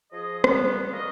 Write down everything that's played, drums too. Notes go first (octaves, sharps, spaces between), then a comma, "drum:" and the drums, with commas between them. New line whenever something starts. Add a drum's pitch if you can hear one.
F3 G#4 D#5
G3 B3, drum: rim click
G2 A#3 F#4 A#4 D#5